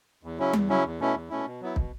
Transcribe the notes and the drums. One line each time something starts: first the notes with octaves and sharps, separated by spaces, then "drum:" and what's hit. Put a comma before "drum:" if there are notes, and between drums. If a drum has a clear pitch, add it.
E2
C#3 F#3 C#4 E4
E2, drum: tom G3
C#3 F#3 C#4 E4
E2
B2 A3 C#4 E4
E2
B2 A3 C#4 E4
B2
F#3 B3 E4
B2, drum: kick